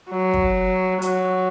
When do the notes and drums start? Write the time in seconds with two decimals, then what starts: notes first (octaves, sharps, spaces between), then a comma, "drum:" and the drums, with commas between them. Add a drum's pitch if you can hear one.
0.11 F#3
0.34 drum: kick
1.02 F#3, drum: hi-hat